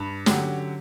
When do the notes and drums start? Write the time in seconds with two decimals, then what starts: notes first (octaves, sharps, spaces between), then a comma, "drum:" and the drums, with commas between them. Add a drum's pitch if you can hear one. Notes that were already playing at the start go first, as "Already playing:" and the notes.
Already playing: G2
0.26 D3 F#3 C#4 G4, drum: snare